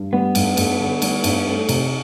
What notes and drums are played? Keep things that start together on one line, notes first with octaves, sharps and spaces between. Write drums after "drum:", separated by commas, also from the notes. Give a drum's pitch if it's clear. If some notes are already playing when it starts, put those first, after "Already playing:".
Already playing: G2
G3 B3
G2, drum: cymbal
G2, drum: cymbal
D3
G3, drum: cymbal
G2, drum: cymbal
A3
C3, drum: cymbal